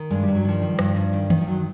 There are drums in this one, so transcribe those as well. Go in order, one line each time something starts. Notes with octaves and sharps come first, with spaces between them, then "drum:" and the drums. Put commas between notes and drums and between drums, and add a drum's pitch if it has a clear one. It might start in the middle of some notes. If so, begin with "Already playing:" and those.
Already playing: D#3
G2 G#3
G2 G3
F#3
D#3 F3 G3
D#3
G2, drum: rim click
G2
D#3
D#3, drum: tom D#3
F3
G2 F#3